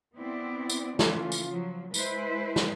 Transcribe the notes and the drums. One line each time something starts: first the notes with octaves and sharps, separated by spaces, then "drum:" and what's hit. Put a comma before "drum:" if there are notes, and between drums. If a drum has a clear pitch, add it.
B3 C4 E4 D5
drum: tambourine
C#3 E3 A3 F4, drum: snare
drum: tambourine
F3 F#3
G#3 E4 B4 C5, drum: tambourine
drum: snare